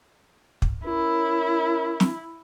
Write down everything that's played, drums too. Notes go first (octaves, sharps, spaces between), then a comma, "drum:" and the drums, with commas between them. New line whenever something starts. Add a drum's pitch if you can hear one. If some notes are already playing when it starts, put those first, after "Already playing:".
drum: kick
C#4 E4 A#4
drum: snare